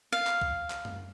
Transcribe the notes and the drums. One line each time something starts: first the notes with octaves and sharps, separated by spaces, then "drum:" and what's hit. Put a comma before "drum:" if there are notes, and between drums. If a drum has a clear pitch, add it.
F5
drum: clap
drum: kick C2
drum: clap
drum: tom F#2